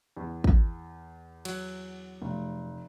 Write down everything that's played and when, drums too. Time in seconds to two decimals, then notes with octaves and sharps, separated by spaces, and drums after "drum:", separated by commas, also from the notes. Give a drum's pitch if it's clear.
0.17 E2
0.44 drum: kick
1.45 F#3, drum: cymbal
2.21 F1